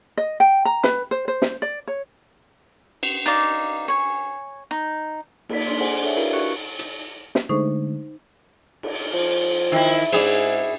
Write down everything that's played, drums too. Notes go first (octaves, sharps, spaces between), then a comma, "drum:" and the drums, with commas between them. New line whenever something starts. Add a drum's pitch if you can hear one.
D#5
G5
A#5
B4, drum: snare
C5
C5
drum: snare
D5
C#5
drum: cymbal
D#4 D5 F5 D6
C#5 G#5
D#4
A#3 D#4 D5 B6, drum: cymbal
D4 D5 C6
G#4 A4 C5 F#5 G#5
D4 G#4 A4 C#5 D5 E5
E4 F#4 A#4 B4 F5
D4 F#4 G4 C#6 F#6 C#7
drum: hi-hat
drum: snare
D3 G#3 A3 D#4 C5 C#6
drum: cymbal
F3
D#3 E4
G#2 E4 G#4 D5, drum: cymbal